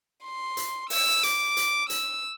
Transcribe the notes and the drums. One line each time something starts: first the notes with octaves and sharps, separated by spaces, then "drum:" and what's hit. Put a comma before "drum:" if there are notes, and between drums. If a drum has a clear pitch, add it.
C6
drum: hi-hat
E6, drum: open hi-hat
D6, drum: hi-hat
drum: hi-hat
E6, drum: hi-hat